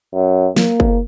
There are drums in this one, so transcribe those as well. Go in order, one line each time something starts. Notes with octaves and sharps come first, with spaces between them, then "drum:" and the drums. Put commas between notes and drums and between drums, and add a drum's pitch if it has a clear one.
F#2
A#3, drum: snare F#3
drum: kick F#1